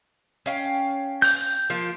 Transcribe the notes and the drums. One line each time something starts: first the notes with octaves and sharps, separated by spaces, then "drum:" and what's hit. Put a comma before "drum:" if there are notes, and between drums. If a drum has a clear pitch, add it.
C#4 F5 G5, drum: hi-hat
G6, drum: open hi-hat
F3 A#3 F4